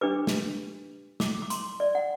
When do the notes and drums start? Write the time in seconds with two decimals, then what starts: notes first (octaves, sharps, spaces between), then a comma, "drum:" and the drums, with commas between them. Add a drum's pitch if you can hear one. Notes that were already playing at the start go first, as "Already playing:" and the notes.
0.01 D4 G4 B4 D6
0.27 drum: snare
1.20 D6, drum: snare
1.42 D6
1.50 C6, drum: hi-hat
1.80 D5
1.95 F#5